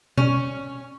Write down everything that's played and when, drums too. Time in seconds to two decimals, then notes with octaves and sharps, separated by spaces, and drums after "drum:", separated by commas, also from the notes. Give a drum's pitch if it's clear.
0.18 C#4, drum: tom B2